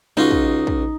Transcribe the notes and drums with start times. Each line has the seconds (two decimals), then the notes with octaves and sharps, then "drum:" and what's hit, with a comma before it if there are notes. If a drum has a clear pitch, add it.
0.17 C#2 D#4 F4 F#4
0.31 drum: kick
0.67 drum: kick